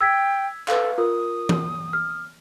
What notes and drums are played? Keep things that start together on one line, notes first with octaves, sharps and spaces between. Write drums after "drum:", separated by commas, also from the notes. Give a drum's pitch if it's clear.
G5 E6 G#6 B6
A4 B4 F5, drum: clap
F4 A#4 D#6
drum: tom E3
F6